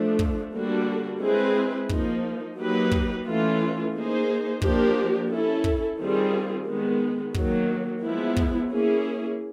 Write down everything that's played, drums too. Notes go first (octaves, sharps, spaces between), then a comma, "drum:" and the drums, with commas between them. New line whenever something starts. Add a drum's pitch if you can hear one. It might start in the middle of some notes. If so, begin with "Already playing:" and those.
Already playing: F3 A3 D4
drum: kick
D3 G3 A#3 D4 F#4
G#3 C4 E4 G#4 B4
F3 A#3 D#4, drum: kick
F#3 A#3 D#4 G4 B4
drum: kick
E3 A3 C#4 F4
A#3 D#4 G#4 C5
F3 A#3 D4 G4 A#4, drum: kick
C#4 E4 A4
drum: kick
D#3 G3 C4 F4 G#4
D#3 G#3 B3
D#3 F#3 A#3, drum: kick
F3 G#3 B3 E4
drum: kick
A#3 C#4 E4 G#4